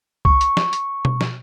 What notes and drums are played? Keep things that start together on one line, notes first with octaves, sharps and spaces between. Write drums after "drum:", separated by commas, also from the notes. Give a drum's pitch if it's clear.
C#6, drum: kick C2
drum: hi-hat
drum: snare
drum: hi-hat
drum: tom B2
drum: snare